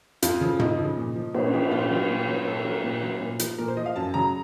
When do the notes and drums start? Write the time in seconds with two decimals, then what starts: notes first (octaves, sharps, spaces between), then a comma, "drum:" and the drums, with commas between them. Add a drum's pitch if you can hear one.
0.22 F2 F4, drum: hi-hat
0.41 C#3 F3
0.59 F2 D#4, drum: tom
0.79 C#3 F3
0.97 A#2
1.16 F3
1.34 A#2, drum: cymbal
1.54 F3
1.71 A#2 F4
1.91 F#3
2.10 A#2
2.28 F#3
2.46 A#2 A4
2.65 F#3 A#4
2.84 A#2
3.03 F#3
3.21 A#2
3.39 F3, drum: hi-hat
3.58 A#2 A#4
3.68 C5
3.77 F3 D#5
3.86 F5
3.96 F#2 A5
4.14 C#3 F#3 A#5